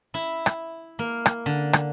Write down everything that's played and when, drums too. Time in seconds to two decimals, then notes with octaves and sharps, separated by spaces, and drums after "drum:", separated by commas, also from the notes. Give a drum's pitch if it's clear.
0.14 E4
0.46 drum: rim click
0.99 A#3
1.26 drum: rim click
1.46 D3
1.73 drum: rim click